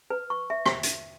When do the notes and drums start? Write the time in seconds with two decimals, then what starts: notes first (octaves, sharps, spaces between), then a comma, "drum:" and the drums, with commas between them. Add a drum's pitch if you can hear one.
0.10 B4
0.30 C#6
0.50 E5
0.66 drum: rim click
0.83 drum: hi-hat